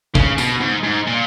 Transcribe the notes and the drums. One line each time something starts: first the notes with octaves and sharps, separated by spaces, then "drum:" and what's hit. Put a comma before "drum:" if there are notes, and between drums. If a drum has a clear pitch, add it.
C#3, drum: kick
B2, drum: tambourine
G#2
G#2
A#2